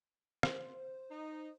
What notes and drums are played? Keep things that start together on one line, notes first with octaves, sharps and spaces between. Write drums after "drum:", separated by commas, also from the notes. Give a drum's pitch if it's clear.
C5, drum: rim click
D#4